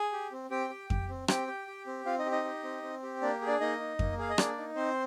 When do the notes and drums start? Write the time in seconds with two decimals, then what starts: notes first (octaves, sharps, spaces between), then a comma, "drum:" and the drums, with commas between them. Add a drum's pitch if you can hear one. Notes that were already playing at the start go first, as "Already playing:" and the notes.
Already playing: G#4 G#5
0.12 G4
0.32 C4
0.50 C4 G4 G5
0.70 G4
0.90 G4, drum: kick F2
1.09 C4
1.28 C4 G4 G5, drum: rim click
1.47 G4
1.67 G4
1.86 C4
2.05 C4 F4 F5
2.19 D#4 D#5
2.26 G4
2.31 D#4 D#5
2.45 G4
2.64 C4
2.82 C4
3.03 G4
3.22 A#3 D4 D5
3.41 G#4
3.47 D4 D5
3.60 A#3 D#4 D#5
3.80 D#4
3.99 A#3, drum: kick F2
4.18 G#4 F5
4.29 D#5
4.38 A#3 D4 D5, drum: rim click
4.58 D#4
4.76 C4 C5